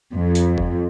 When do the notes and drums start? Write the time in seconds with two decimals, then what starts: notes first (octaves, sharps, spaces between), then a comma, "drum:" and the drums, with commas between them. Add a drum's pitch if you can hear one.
0.13 F2
0.35 drum: hi-hat
0.58 drum: kick